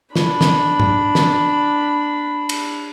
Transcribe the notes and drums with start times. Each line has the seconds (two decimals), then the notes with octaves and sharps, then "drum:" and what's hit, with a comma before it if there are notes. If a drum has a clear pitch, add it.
0.15 D4 B5, drum: snare
0.41 drum: snare
0.80 drum: tom
1.15 drum: snare
2.49 drum: cymbal